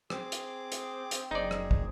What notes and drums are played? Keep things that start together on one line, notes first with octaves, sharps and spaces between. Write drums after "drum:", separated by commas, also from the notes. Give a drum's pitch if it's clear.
C4 G#4 D6, drum: rim click
drum: hi-hat
drum: hi-hat
drum: hi-hat
F#1 D#4 G#4 D5
drum: rim click
drum: kick